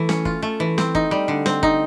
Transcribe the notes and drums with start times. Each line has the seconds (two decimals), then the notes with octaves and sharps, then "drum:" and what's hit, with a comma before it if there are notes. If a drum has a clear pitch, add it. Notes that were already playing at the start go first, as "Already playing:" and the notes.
Already playing: E3 A3
0.09 C#4, drum: snare
0.25 F4, drum: kick
0.42 A3
0.60 E3
0.78 C4, drum: snare
0.95 D#4, drum: kick
1.11 G3
1.28 D3
1.46 C4, drum: snare
1.63 D#4, drum: kick